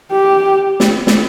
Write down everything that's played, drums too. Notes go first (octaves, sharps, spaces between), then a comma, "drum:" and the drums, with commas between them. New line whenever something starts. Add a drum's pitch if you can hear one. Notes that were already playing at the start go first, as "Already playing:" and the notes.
G4
drum: snare
drum: snare